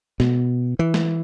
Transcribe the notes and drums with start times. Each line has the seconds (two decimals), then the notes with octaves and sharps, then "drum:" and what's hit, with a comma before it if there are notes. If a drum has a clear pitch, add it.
0.20 B2, drum: snare
0.79 E3
0.94 drum: snare